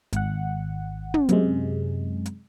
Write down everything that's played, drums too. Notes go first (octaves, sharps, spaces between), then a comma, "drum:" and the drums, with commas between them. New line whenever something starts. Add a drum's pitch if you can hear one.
G#1 F#5, drum: hi-hat
drum: tom
F#2 C3 G#3, drum: hi-hat
drum: hi-hat